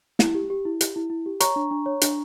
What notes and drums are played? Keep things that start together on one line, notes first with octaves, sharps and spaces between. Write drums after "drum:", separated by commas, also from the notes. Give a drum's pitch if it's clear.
E4, drum: snare
G4
G4
E4
G4, drum: hi-hat
E4
E4
G4
C#5 A#5 C#6, drum: hi-hat
D4
D4
C#5
D4, drum: hi-hat